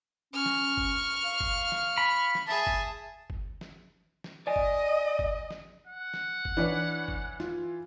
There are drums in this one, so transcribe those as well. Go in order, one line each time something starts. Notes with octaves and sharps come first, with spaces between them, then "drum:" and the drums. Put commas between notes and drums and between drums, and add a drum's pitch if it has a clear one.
C#4 C#6 F6
drum: snare
drum: kick
F5
drum: kick
drum: snare
B5
drum: snare
G#4 E5 A5
drum: kick
drum: kick
drum: snare
drum: snare
D5 D#5 G#5
drum: kick
drum: kick
drum: snare
F#5
drum: snare
drum: kick
E3 D4 B4 C#5
drum: kick
F4, drum: snare